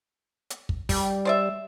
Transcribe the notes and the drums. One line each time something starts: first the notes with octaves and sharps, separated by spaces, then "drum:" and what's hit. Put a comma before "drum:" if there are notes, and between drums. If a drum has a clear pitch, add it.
drum: hi-hat
drum: kick
G3, drum: kick, open hi-hat
C5 D5 E5